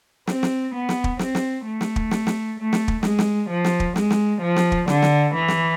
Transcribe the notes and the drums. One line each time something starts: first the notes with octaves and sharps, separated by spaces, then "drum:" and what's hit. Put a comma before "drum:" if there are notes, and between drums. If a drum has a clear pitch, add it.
C4, drum: snare
drum: snare
B3
drum: snare
drum: kick
C4, drum: snare
drum: snare
A3
drum: snare
drum: kick
drum: snare
drum: snare
A3
drum: snare
drum: kick
G#3, drum: snare
drum: snare
F3
drum: snare
drum: kick
G#3, drum: snare
drum: snare
F3
drum: snare
drum: kick
D3, drum: snare
drum: snare
E3
drum: snare